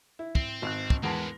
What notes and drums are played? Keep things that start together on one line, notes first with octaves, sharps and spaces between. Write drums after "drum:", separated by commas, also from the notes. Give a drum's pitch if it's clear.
E4
C4, drum: kick
G#1 F#6
drum: kick
E2 G#3 A#3 B3 A5